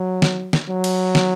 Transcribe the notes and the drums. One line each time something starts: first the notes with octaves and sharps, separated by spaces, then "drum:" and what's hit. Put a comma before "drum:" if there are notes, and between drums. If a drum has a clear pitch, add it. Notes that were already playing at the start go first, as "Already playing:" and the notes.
Already playing: F#3
drum: snare
drum: snare
F#3
drum: cymbal
drum: snare